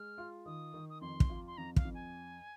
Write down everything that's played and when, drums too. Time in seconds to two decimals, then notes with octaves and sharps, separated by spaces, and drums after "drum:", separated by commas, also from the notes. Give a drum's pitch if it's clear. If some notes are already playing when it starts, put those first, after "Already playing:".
Already playing: G#3 F6
0.18 F4
0.46 D#3 D#6
0.74 D#3
0.90 D#6
1.01 F2 C6
1.20 drum: kick
1.29 F4
1.47 C6
1.57 F2 A#5
1.76 F5, drum: kick
1.85 F2
1.94 G#5